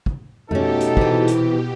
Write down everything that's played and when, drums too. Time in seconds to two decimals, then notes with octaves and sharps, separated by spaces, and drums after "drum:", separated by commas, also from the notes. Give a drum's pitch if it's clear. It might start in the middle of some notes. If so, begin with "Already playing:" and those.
0.06 drum: kick
0.51 B2 A3 C#4 D#4 F#4 G4 A4, drum: tom F2
0.80 drum: hi-hat
0.97 C3 E3, drum: kick
1.28 drum: hi-hat